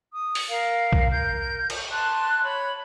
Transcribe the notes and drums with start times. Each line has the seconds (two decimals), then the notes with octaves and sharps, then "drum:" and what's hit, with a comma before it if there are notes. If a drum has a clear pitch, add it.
0.13 D#6
0.35 drum: open hi-hat
0.49 A#4 F5
0.93 drum: kick B1
1.13 A#4 G6
1.70 drum: cymbal
1.91 A5 C6 F#6
2.43 C#5 B5